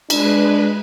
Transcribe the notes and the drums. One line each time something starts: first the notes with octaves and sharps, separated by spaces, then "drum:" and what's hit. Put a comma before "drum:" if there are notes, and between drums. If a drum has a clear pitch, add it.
G#3 D4 B4, drum: cymbal